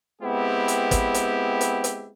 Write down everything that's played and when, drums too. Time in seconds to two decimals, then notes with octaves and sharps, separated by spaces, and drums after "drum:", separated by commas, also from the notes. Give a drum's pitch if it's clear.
0.22 G#3 B3 C4 E4 G4
0.68 drum: hi-hat
0.91 drum: kick, hi-hat
1.14 drum: hi-hat
1.61 drum: hi-hat
1.84 drum: hi-hat